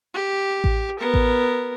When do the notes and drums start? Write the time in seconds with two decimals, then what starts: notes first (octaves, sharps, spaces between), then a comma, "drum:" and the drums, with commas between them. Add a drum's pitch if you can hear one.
0.14 G4
0.64 drum: kick A1
0.99 B3 A#4
1.14 drum: kick A1